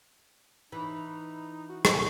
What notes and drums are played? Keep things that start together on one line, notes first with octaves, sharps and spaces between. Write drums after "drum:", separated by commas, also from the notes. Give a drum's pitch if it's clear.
E3 D#4
F#4
D3, drum: rim click